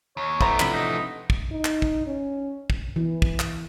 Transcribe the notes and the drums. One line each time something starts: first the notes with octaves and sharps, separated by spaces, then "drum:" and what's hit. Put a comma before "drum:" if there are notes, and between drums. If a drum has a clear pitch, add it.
D#2 C#5
E3 A3 B3 C5 A#5, drum: kick
C3 F3 D4 B5, drum: clap
D#4
drum: kick
D#4
drum: clap
drum: kick
C#4
drum: kick
E3
drum: kick
drum: clap